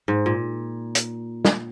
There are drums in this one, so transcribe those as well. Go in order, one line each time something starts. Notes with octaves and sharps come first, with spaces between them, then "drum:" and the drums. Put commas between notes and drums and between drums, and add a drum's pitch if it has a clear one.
G#2
A#2
drum: hi-hat
drum: snare